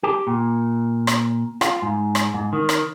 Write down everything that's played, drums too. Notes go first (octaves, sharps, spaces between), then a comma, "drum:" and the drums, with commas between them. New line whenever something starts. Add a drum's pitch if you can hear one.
G4
A#2
drum: rim click
F4, drum: rim click
G#2
drum: rim click
G#2
D#3
drum: rim click